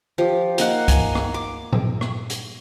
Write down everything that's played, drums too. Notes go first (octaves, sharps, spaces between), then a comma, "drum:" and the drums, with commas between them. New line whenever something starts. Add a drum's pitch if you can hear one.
F3 G4
A#3 D#4 F#5, drum: hi-hat
G#5, drum: kick C#2, hi-hat
drum: rim click
D6
drum: tom A#2
drum: rim click
drum: hi-hat